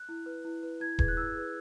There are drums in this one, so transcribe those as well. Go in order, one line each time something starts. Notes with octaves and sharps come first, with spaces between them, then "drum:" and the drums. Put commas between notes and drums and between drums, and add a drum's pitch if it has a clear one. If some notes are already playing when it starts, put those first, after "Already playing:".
Already playing: F#6
E4
B4
E4
B4
E4 G#6
G#4 B4 G#6, drum: kick D#1
F#6
E4 E6
G#4 B4